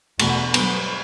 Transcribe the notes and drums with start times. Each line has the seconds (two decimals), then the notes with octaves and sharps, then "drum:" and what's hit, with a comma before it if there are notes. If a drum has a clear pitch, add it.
0.19 E2 B2 A3 D4 F#4, drum: cymbal
0.54 G2 F#3 B3, drum: cymbal